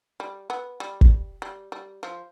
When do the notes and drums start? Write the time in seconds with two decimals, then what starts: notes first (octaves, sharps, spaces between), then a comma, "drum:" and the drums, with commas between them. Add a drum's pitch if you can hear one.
0.20 G3
0.50 B3
0.80 G3
1.01 drum: kick
1.42 G3
1.72 G3
2.03 F3